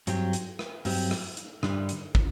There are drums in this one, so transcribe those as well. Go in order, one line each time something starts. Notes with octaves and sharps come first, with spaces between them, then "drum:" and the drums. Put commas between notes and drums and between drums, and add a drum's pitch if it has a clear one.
G2 F#3 C4 G4, drum: hi-hat
drum: hi-hat
drum: rim click
G2 F#3 C4 G4, drum: open hi-hat
drum: rim click
drum: hi-hat
G2 D3 G3 D4, drum: rim click
drum: hi-hat
drum: kick